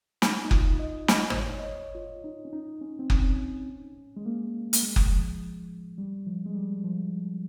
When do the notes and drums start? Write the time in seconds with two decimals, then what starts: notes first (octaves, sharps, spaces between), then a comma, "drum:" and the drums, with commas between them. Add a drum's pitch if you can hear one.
0.22 D#4, drum: snare
0.45 D#4
0.51 F4, drum: kick F#1
0.79 D#5
1.08 D#5, drum: snare
1.30 C5, drum: tom G#1
1.37 C#5
1.59 D#5
1.66 C#5
1.95 F4
2.24 D#4
2.45 C#4
2.53 D#4
2.81 C#4
2.99 C4
3.10 C#4, drum: kick F#1
4.17 G#3
4.26 A#3
4.73 A#3, drum: hi-hat
4.83 G#3
4.96 drum: kick F#1
5.11 F3
5.98 G3
6.27 F3
6.46 G#3
6.55 G3
6.84 F3